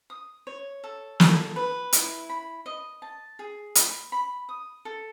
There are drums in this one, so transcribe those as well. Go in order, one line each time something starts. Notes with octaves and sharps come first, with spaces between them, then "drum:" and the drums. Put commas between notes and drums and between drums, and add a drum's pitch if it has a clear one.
D#6
C#5
A4
A4, drum: snare
B4
E4, drum: hi-hat
B5
D#5
A5
G#4
B5, drum: hi-hat
B5
D#6
A4